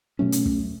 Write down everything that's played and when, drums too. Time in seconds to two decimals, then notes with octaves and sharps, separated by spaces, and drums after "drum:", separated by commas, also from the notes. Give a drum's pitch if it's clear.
0.19 B2 F#3 A3 C#4
0.32 drum: hi-hat
0.46 drum: kick